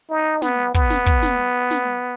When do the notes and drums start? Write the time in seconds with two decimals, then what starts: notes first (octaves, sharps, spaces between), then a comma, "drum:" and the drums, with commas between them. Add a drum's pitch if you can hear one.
0.10 D#4
0.42 B3, drum: snare
0.74 B3, drum: kick
0.90 drum: snare
1.06 drum: kick
1.22 drum: snare
1.71 drum: snare